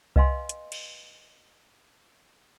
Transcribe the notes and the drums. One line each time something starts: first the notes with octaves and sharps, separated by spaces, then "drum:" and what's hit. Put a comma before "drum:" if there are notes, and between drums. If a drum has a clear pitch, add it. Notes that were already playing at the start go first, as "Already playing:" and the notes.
B4 D#5 F5 G#5 C6, drum: kick C2
drum: hi-hat
drum: cymbal